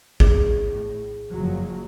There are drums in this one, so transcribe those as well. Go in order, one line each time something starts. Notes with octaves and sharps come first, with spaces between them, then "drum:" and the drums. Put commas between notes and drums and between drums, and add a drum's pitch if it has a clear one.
A2 G#4, drum: kick G#1
F#1 F3 F#3